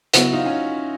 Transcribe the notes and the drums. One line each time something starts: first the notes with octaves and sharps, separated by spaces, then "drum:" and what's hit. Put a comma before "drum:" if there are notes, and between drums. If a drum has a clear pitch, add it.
C#3 F#3 B3 E4 F#4, drum: hi-hat
D#4 F4
C#4